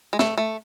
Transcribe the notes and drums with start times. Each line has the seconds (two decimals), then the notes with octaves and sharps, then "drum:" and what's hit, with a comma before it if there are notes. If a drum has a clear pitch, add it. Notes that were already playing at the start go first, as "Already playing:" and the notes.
0.13 G#3
0.19 A3, drum: snare
0.38 A3